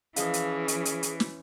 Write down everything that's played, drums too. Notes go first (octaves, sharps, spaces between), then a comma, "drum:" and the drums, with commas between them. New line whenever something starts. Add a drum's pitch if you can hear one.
E3 F3 C#4 G#4 D#5 F5, drum: hi-hat
drum: hi-hat
drum: hi-hat
drum: hi-hat
drum: hi-hat
drum: snare